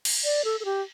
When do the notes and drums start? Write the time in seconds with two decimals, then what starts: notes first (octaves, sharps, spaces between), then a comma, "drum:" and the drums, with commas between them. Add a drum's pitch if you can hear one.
0.05 drum: cymbal
0.24 D5
0.45 A4
0.60 A4
0.65 G4